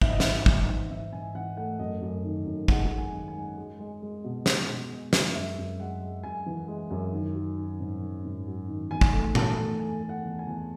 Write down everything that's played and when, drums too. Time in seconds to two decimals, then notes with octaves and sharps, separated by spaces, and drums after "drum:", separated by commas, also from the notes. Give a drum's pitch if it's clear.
0.02 G#2 E5, drum: kick
0.10 D#5
0.20 E3 E5, drum: snare
0.46 E3, drum: kick
0.68 G#2
0.90 G#2 E5
1.12 G#2 G#5
1.35 E3 F#5
1.57 A3 F#5
1.79 F#2 D#5
2.01 F#2
2.24 D#3
2.46 F#2
2.68 G#3 F#5, drum: kick
2.91 G#3
2.98 G#5
3.13 D#3
3.28 G#5
3.35 G#3
3.57 G#3
3.79 G#3
4.02 G#3
4.24 B2
4.46 G#3, drum: snare
4.68 B2
4.90 G#3
5.13 G#3, drum: snare
5.35 F#2 E5
5.58 F#2
5.79 G#3 F#5
6.02 G#3
6.23 F#2 G#5
6.46 E3
6.68 G#3
6.90 F#2
7.13 D#3
7.35 F#3
7.58 D#3
7.80 G#2
8.02 G#2
8.24 G#2
8.46 F#3
8.68 D#3
8.91 E2 G#5
9.01 drum: kick
9.13 A3
9.35 E2 A5, drum: tom A#2
9.57 A3
9.80 E2 G#5
10.02 A3
10.09 F#5
10.24 E2
10.39 G#5
10.46 E2